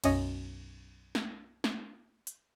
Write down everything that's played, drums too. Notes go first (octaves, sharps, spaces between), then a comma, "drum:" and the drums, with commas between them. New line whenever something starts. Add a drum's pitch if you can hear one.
B1 F#2 C#4 D#5, drum: cymbal
drum: snare
drum: snare
drum: hi-hat